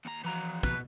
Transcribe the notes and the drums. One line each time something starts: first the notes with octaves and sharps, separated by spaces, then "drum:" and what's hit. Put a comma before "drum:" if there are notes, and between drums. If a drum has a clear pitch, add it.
D#2 A#5
E3 F3 F#4 A#5
B2 B4, drum: kick